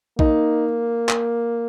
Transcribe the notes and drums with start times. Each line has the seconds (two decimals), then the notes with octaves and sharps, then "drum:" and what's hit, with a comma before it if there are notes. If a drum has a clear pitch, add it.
0.19 A#3 D#4, drum: kick B1
1.09 drum: clap